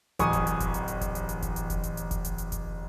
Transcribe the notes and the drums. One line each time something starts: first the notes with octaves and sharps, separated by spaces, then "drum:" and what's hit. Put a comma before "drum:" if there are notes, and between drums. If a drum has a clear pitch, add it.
D1 A1 G#5 C#6 D#6, drum: hi-hat
drum: kick F1, hi-hat
drum: hi-hat
drum: kick F1, hi-hat
drum: hi-hat
drum: hi-hat
drum: kick F1, hi-hat
drum: hi-hat
drum: hi-hat
drum: kick F1, hi-hat
drum: hi-hat
drum: kick F1, hi-hat
drum: hi-hat
drum: hi-hat
drum: kick F1, hi-hat
drum: hi-hat
drum: hi-hat
drum: kick F1, hi-hat